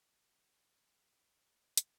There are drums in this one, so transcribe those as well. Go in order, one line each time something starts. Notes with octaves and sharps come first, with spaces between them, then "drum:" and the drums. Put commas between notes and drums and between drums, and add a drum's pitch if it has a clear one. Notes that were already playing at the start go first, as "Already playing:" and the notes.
D#3
D#5
drum: hi-hat